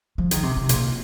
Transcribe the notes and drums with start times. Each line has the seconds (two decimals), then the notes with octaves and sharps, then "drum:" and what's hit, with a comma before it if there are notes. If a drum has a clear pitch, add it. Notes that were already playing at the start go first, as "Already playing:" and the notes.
0.18 F3
0.31 D#3, drum: hi-hat
0.43 C3
0.57 C3
0.69 A#2, drum: hi-hat